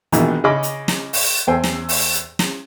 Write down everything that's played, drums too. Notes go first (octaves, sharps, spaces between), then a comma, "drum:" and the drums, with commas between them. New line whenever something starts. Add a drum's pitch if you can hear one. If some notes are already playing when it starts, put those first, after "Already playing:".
A#1 B2 D#3 E3 G#3, drum: hi-hat
C#3 D#5 B5 D6 D#6
drum: hi-hat
drum: snare
drum: open hi-hat
E2 A4 C5 G5 G#5
drum: snare
drum: open hi-hat
drum: hi-hat
drum: snare